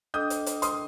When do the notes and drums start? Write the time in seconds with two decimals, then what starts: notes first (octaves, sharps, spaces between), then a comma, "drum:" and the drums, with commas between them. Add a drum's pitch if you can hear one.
0.14 D4 A4 D#5 G5 D6 D#6 G6
0.30 drum: hi-hat
0.46 drum: hi-hat
0.62 C6 D#6, drum: hi-hat